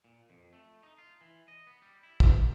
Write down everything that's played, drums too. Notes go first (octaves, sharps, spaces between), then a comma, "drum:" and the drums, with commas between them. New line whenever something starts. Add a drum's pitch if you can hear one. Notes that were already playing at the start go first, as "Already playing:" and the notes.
A#2
F2
A3
D#4
F4
E3
D#5
B3
G3
E4
G4, drum: kick